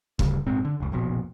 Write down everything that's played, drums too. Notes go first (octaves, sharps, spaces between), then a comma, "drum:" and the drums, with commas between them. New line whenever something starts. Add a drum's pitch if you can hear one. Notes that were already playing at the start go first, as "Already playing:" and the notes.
D2 G2 C#3, drum: kick
A#1 G#2 C4
D3
F1 C#2
F1 A#1 B2